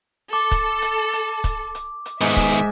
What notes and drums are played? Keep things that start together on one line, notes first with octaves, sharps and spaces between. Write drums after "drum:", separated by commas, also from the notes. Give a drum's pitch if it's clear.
A4 D6
drum: kick C#1, hi-hat
drum: hi-hat
drum: hi-hat
drum: kick C#1, hi-hat
drum: hi-hat
drum: hi-hat
G#2 D#3 B3 E5
drum: kick C#1, hi-hat